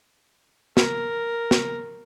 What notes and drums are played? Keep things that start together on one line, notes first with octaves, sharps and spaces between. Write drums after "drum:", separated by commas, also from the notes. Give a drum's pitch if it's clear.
A#4, drum: snare
drum: snare